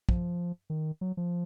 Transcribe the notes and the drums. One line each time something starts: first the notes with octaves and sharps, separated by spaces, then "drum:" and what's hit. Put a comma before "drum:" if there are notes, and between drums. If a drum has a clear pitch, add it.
F3, drum: kick
D#3
F#3
F3